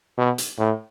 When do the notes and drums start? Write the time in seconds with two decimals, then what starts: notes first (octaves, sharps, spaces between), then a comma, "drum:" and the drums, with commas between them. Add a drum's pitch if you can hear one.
0.18 B2
0.38 drum: hi-hat
0.59 A2